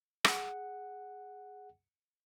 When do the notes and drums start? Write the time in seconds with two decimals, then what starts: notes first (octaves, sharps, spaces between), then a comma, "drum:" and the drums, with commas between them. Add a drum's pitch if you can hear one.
0.25 G#4 F#5, drum: rim click